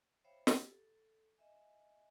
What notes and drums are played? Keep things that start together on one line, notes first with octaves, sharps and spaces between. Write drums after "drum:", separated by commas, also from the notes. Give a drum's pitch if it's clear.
C5 C#5 E5 F5 G5 B5
G4 G#4, drum: snare
A4
D#5 E5 G#5